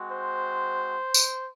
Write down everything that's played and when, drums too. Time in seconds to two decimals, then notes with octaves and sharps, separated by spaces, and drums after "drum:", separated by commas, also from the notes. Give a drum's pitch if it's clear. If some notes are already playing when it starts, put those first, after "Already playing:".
Already playing: G#3 C4 F#4
0.12 C5
1.14 drum: tambourine